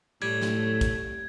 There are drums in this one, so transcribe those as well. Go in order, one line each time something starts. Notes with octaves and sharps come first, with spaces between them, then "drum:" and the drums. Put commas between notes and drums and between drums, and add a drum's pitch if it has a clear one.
A2 G3 A3 G#6
drum: snare
drum: kick, hi-hat